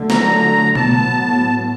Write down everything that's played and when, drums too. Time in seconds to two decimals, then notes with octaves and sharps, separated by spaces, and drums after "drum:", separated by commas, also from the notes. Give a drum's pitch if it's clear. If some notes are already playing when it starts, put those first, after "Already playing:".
Already playing: D3 F#3 A3
0.10 A#5, drum: snare
0.75 A2 F#3 B3 A5, drum: tom B2